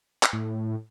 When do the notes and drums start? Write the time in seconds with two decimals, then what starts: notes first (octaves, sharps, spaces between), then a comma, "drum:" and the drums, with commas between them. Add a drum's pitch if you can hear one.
0.23 drum: clap
0.33 A2